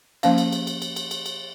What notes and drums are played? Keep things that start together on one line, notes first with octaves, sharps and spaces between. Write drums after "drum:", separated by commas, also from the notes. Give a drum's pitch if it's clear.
F3 A#3 C#4 F5, drum: cymbal
drum: cymbal
drum: cymbal
drum: cymbal
drum: cymbal
drum: cymbal
drum: cymbal
drum: cymbal